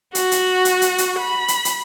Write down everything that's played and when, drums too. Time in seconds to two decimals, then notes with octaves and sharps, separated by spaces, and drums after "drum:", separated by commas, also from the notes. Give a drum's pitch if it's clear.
0.15 F#4, drum: hi-hat
0.31 drum: hi-hat
0.65 drum: hi-hat
0.82 drum: hi-hat
0.98 drum: hi-hat
1.19 B5
1.48 drum: hi-hat
1.65 drum: hi-hat